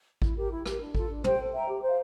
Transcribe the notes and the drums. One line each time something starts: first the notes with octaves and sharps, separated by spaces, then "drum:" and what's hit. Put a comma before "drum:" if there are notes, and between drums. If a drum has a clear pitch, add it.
E4, drum: kick A1
G4 A#4
E4
G4 A#4, drum: rim click
D4
F4 A4, drum: kick A1
D4
G4 C5 G5, drum: tom
A4
E5 G5 A#5
G4
C5 F5